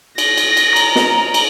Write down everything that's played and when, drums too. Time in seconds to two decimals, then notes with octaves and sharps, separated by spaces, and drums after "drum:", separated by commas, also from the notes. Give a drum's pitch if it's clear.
0.18 A#6, drum: cymbal
0.37 drum: cymbal
0.57 drum: cymbal
0.76 A#5, drum: cymbal
0.96 drum: snare
1.34 drum: cymbal